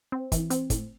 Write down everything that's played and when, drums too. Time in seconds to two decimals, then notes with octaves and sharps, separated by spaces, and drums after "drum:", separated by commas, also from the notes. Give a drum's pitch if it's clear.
0.12 C4
0.32 E3, drum: kick, hi-hat
0.50 C4, drum: hi-hat
0.70 A2, drum: kick, hi-hat